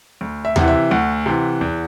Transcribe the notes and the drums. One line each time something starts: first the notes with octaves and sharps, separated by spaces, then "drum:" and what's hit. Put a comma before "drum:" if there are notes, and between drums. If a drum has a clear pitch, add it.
D2
E5
C3 E3 F#5, drum: tom D#2
E5
D2 F#5
C3 E3
E2